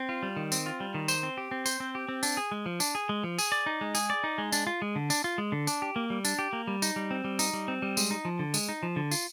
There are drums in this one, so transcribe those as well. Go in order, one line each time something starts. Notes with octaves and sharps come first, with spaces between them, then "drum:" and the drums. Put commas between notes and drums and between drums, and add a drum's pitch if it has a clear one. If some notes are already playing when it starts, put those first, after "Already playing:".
Already playing: C4
F4
G3
D#3
C4, drum: tambourine
F4
G3
D#3
C5, drum: tambourine
C4
G4
C4
C5, drum: tambourine
C4
G4
C4
D4, drum: tambourine
G#4
G#3
F3
D4, drum: tambourine
G#4
G#3
F3
G#4, drum: tambourine
D5
D#4
G#3
G#4, drum: tambourine
D5
D#4
G#3
D4, drum: tambourine
F4
G#3
D3
D4, drum: tambourine
F4
G#3
D3
D4, drum: tambourine
G4
A#3
G3
D4, drum: tambourine
G4
A#3
G3
D#4, drum: tambourine
G3
C4
G3
D#4, drum: tambourine
G3
C4
G3
G#3, drum: tambourine
D#4
F3
D3
G#3, drum: tambourine
D#4
F3
D3
F4, drum: tambourine